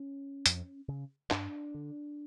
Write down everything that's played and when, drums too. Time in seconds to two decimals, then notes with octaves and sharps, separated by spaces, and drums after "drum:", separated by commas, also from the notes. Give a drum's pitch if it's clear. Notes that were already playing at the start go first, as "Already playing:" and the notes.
Already playing: C#4
0.46 F2, drum: hi-hat
0.88 C#3
1.31 G2 D4, drum: clap
1.74 D3